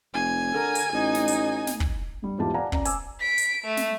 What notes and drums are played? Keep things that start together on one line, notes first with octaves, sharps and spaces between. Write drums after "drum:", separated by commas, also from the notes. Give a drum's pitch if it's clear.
F1 G#5
D3 A#4
drum: hi-hat
A1 D#4
drum: snare
drum: hi-hat
drum: snare
drum: kick
G2 G3
E2 G#2 E3 F4 G4 A5
D5 F5 F#5 G#5 A#5
C#4 D5 A#5, drum: kick
G#5 D6 E6, drum: hi-hat
B6 D7
drum: hi-hat
A3
drum: snare